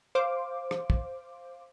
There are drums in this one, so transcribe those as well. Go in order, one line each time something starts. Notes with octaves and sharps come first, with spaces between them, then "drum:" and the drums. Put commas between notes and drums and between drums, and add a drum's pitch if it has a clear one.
C5 F5 D6
drum: rim click
drum: kick